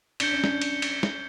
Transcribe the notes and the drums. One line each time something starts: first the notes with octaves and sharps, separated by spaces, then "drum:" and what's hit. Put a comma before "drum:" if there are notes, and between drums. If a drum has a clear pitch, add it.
D4 G6 C#7 G7, drum: cymbal
C#4
D4, drum: snare
drum: cymbal
drum: cymbal
drum: snare